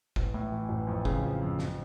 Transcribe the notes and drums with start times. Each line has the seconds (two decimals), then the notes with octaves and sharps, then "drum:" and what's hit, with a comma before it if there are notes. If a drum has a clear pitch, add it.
0.16 A1, drum: kick
0.34 A2
0.52 E3
0.69 A1
0.87 F2
1.05 C#3, drum: kick
1.23 F3
1.41 F2
1.59 F2, drum: snare